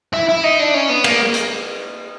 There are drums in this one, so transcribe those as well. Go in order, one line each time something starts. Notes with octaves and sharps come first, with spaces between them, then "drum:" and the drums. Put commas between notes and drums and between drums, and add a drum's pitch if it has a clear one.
E4
E4
D#4
D4
C#4
B3
A#3, drum: cymbal
drum: hi-hat